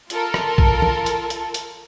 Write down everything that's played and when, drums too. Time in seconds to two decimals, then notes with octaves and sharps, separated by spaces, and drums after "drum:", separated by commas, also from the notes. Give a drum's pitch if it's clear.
0.10 F4 A4 A#4, drum: hi-hat
0.34 drum: rim click
0.58 drum: kick A#1
0.82 drum: tom
1.06 drum: hi-hat
1.30 drum: hi-hat
1.54 drum: hi-hat